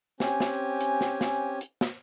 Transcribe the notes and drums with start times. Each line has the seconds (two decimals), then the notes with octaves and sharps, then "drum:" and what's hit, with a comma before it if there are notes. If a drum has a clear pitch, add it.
0.20 C4 C#4 G4 G#5, drum: snare
0.40 drum: snare
0.81 drum: hi-hat
1.01 drum: snare
1.21 drum: snare
1.61 drum: hi-hat
1.81 drum: snare